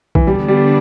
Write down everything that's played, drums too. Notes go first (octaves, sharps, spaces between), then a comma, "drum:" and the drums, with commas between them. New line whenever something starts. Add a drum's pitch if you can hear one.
E3, drum: kick A#1
D3 G3 B3 D4
G3